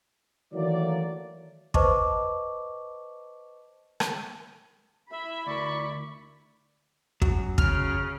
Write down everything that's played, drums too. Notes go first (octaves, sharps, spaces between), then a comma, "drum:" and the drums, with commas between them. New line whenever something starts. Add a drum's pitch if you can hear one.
D#3 E3 F#3 A3 A#3 D5
B4 C5 D#5 A5 C#6 D6, drum: kick
drum: rim click
E4 E5 B5
D2 A#4 D5 C#6
F#2 F#3, drum: kick
C#3 F6, drum: kick